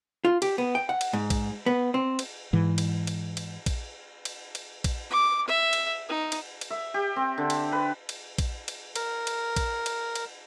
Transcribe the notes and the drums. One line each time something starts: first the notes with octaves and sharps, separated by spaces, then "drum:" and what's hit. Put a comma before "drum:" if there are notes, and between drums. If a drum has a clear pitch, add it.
F4
G4, drum: cymbal
B3
G5
F#5
drum: cymbal
G#2
drum: kick A#1, cymbal
B3
C4
drum: cymbal
G#2 E3
drum: cymbal
drum: cymbal
drum: cymbal
drum: kick A#1, cymbal
drum: cymbal
drum: cymbal
drum: kick A#1, cymbal
D6
E5
drum: cymbal
D#4
drum: cymbal
drum: cymbal
E5
G4
C4
D3
drum: cymbal
B4
drum: cymbal
drum: kick A#1, cymbal
drum: cymbal
A#4, drum: cymbal
drum: cymbal
drum: kick A#1, cymbal
drum: cymbal
drum: cymbal